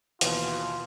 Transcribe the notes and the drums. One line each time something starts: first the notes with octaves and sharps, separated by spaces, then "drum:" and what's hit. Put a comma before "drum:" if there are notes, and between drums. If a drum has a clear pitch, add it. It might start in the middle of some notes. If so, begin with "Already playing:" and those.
D#2 B2 E3 F4, drum: hi-hat